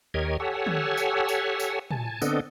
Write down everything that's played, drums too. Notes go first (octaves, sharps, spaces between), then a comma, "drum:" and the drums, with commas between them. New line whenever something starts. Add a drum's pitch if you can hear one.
D#2 G4 A#4 C#5 D#5 G#6
G4 A4 C#5 F#5 G#5 E6
drum: tom
drum: tambourine
drum: tambourine
drum: tambourine
G#5 A5, drum: tom
D3 B3 C4 D4 A4 D#5, drum: tambourine